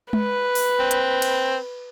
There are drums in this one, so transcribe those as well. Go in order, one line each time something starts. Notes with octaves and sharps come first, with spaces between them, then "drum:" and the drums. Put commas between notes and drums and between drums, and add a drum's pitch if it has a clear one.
B4, drum: tom G#3
drum: open hi-hat
C4
drum: hi-hat
drum: cymbal